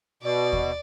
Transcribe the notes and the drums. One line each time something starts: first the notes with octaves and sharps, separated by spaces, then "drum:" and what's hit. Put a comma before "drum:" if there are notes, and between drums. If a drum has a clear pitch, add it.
B2 D5
drum: kick D#2